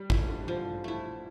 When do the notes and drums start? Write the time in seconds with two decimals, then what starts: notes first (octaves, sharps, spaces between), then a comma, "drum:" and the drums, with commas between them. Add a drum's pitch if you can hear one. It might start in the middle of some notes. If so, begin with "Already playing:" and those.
Already playing: G3
0.10 F3 A3 E4, drum: kick
0.28 D3
0.47 E3 F3
0.84 A3 E4